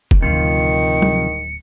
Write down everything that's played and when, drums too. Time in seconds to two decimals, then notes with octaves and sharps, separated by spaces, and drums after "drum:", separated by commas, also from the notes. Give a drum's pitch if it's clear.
0.11 drum: kick
0.22 D1 D2 C3 D#3 F3 F4 C#7
1.02 drum: tom F#3